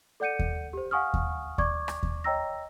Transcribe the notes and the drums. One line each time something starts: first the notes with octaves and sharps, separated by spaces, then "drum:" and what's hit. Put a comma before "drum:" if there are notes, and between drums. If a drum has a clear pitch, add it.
A4 D5 F#5 G6 C#7 D#7
drum: kick D#2
G4 C5
F5 F#5 G#5 C#6 D#6 F6
drum: kick D#2
D5 C#6 D6 G#6, drum: kick D#2
drum: rim click
drum: kick D#2
C#5 D#5 G5 A#5 E6 A#6